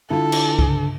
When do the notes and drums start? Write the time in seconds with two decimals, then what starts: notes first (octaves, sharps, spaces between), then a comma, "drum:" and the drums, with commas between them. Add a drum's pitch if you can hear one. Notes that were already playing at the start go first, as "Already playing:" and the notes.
0.10 D3 E4 F4 A4
0.32 drum: cymbal
0.59 G2 C#3, drum: kick C2